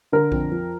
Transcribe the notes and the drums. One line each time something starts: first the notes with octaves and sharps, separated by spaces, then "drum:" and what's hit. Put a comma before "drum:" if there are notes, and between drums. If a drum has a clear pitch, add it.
D3 A#4
F2, drum: kick A#1
F3